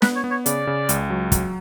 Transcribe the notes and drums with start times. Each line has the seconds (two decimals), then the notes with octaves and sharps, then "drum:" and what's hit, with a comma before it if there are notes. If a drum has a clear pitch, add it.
0.02 B3 B4, drum: snare
0.16 C#5
0.24 B3
0.31 C#5
0.46 C#3 D5, drum: hi-hat
0.67 C#3
0.89 C#2, drum: hi-hat
1.10 F#3
1.32 F#3, drum: kick, hi-hat